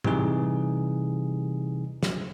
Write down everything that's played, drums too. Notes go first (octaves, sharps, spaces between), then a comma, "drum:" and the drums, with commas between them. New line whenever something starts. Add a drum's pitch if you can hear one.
C3 E3 G3 D#4 G#4, drum: tom A2
drum: snare